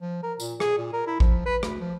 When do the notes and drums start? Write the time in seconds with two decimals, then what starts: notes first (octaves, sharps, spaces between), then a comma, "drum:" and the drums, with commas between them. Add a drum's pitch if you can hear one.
0.02 F3
0.23 A#4
0.40 A#2, drum: tambourine
0.60 G#4, drum: rim click
0.78 A#2
0.93 A#4
1.07 E4
1.20 F3, drum: kick A1
1.46 B4
1.63 D2, drum: rim click
1.81 F3